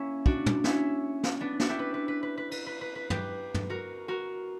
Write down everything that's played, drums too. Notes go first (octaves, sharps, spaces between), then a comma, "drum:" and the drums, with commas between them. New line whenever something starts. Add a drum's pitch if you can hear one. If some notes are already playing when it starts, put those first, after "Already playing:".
Already playing: A#3 C#4 E4
D4 F#4, drum: kick
drum: tom
C#4 E4, drum: snare
drum: snare
B3 D4
D4 F#4, drum: snare
E4 G4
B4
B4
B4
B4
B4
B4, drum: cymbal
B4
B4
B4
G4 B4, drum: tom
drum: tom
F#4 A#4
F#4 A#4